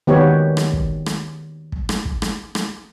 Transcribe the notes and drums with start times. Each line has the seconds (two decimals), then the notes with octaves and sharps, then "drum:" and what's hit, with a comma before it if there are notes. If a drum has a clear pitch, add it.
0.07 D#3 B3 G4 C#5
0.57 drum: rim click
0.73 drum: kick
1.06 drum: rim click
1.72 drum: kick
1.89 drum: rim click
2.05 drum: kick
2.22 drum: rim click
2.55 drum: rim click